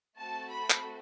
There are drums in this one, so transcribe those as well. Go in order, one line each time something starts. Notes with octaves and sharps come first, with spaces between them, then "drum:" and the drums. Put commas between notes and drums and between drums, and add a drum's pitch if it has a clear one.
A3 C4 F#4 A4 A5
B5
drum: clap